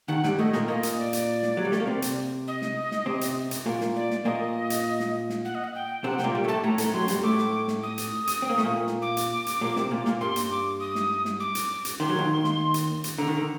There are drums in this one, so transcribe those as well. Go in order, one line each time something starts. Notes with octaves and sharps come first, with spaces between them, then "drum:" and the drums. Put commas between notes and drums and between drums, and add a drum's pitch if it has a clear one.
D#2 D#3 F#5
G2 G3, drum: snare
A2 A3 D#5
A#2 A#3, drum: snare
A#2 A#3 D#5
drum: hi-hat
D5
drum: hi-hat
drum: snare
F#3
G3
A3, drum: snare
A#3
C3 C4
drum: hi-hat
D#5
drum: snare
drum: snare
C3 C4
drum: hi-hat
drum: hi-hat
A#2 A#3
drum: snare
D5
drum: snare
A#2 A#3 D#5
drum: hi-hat
drum: snare
drum: snare
F#5
D#5
F#5
G5
C3 C4 F#5
G5, drum: snare
A#2 A#3
G3
A2 A3 A5
A2 A3 A#5
A2 A3, drum: hi-hat
F#2 F#3 C6
G2 G3, drum: hi-hat
A2 A3 D6
drum: snare
drum: snare
D#6
drum: hi-hat
drum: hi-hat
C4
A#3
A3, drum: snare
A#2 A#3
drum: snare
D6
drum: hi-hat
drum: hi-hat
A#2 A#3
C3 C4, drum: snare
A#2 A#3
A#2 A#3, drum: snare
G2 G3 C6
drum: hi-hat
D6
D#6
drum: snare
drum: snare
D6
drum: hi-hat
drum: hi-hat
D#3 C6
F#3
D#2 D#3
drum: snare
drum: hi-hat
drum: hi-hat
D3 A#5
D#3
D3